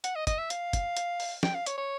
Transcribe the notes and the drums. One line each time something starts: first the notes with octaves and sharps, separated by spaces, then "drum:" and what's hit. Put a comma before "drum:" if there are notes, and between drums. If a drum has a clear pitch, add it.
F#5, drum: hi-hat
D#5
D#5, drum: kick, hi-hat
E5
F5, drum: hi-hat
drum: kick, hi-hat
drum: hi-hat
drum: open hi-hat
G5, drum: snare
F5
C#5, drum: hi-hat
C#5